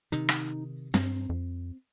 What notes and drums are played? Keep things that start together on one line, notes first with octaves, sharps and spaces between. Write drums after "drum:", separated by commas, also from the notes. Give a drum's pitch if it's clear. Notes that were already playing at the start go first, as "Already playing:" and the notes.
C3 D#3 D#4
drum: rim click
G2 C4, drum: snare
F2